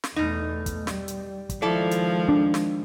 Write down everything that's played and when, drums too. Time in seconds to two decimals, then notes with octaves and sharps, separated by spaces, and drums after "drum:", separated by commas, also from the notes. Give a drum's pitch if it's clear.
0.04 drum: snare
0.16 E2 B2 A3 D#4
0.66 drum: kick, hi-hat
0.87 G3, drum: snare
1.08 drum: hi-hat
1.50 drum: kick, hi-hat
1.62 D#3 F3 G#3 E4 A4 D5
1.91 drum: hi-hat
2.29 D4
2.54 drum: snare